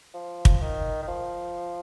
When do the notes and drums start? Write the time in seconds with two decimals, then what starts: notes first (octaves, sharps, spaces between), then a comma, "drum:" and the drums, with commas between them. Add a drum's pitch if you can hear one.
0.14 F3
0.45 drum: kick
0.61 D#3
1.02 D#3
1.08 F3